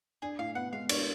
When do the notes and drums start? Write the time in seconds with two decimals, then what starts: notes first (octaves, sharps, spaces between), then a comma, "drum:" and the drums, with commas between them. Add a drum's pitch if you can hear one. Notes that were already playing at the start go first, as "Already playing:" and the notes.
0.22 D4 G#4
0.39 A2 F5
0.55 B3 F#5
0.73 G#3 F5
0.89 D4 C#5, drum: cymbal